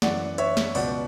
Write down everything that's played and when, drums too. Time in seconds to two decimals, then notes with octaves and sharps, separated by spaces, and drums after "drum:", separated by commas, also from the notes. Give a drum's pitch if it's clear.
0.02 F#2 E3 D5 F#5, drum: snare
0.38 C#5 E5, drum: hi-hat
0.57 drum: snare
0.75 C#2 B2 D5 F#5, drum: open hi-hat